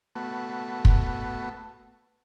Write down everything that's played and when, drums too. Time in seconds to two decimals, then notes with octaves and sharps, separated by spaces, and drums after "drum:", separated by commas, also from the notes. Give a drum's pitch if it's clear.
0.15 A3 B3 F#4
0.85 drum: kick